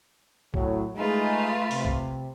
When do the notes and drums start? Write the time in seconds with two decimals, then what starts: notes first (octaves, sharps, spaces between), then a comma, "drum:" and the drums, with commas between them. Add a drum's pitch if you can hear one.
0.54 A2 F#3, drum: kick B1
0.96 G#3 A3 D#4 F4 B4
1.71 C3, drum: open hi-hat
1.85 drum: kick B1